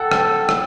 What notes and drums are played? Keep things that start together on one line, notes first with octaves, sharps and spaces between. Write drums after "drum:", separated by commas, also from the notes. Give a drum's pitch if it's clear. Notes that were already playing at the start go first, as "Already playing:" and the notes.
Already playing: A4 F#5 G5
G5, drum: rim click
drum: rim click